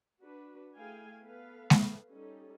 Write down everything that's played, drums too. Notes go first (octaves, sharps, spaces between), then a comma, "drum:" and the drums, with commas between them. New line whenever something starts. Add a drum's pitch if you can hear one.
D4 F#4 B4
A3 E4 G#4 F5 G5 G#5
B3 A4 B4 F5
drum: snare G#3
G3 C#4 D#4 A4